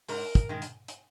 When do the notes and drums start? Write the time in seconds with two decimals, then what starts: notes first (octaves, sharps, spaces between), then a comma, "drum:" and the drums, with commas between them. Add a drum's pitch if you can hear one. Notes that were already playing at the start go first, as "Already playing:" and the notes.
0.08 G#2 A#4, drum: open hi-hat
0.35 drum: kick, hi-hat
0.49 D#3 G#3
0.62 drum: hi-hat
0.88 drum: hi-hat